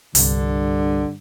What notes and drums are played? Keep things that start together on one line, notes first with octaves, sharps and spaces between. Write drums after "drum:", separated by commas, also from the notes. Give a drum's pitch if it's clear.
C2 G2 D3, drum: open hi-hat